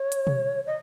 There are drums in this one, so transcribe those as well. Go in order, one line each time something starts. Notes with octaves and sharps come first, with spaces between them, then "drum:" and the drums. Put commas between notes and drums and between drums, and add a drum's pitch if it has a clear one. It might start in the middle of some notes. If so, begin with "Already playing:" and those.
Already playing: C#5
drum: hi-hat
drum: tom B2
D#5